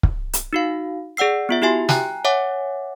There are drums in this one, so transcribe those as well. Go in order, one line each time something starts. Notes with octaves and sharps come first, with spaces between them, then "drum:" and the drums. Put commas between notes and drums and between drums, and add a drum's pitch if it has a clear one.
drum: kick
drum: hi-hat
D#4 F#4 F5
G#4 D5 F#5 E6 C7
B3 F4 E5
E4 F#4 G4 E5 G#5 C6
G5 G#5 A#5 F#6, drum: snare
C#5 E5 F#5 G#5 D6